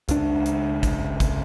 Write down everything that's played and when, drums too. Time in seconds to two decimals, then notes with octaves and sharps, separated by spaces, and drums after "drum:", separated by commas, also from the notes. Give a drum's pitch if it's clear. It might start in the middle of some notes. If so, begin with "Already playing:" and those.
0.09 C#2 D4, drum: hi-hat
0.46 drum: hi-hat
0.83 drum: kick, hi-hat
1.20 drum: kick, hi-hat